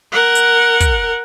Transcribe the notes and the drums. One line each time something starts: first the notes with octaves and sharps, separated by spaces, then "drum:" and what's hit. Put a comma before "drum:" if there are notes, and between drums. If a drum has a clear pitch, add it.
A#4 F#5
drum: hi-hat
drum: kick, hi-hat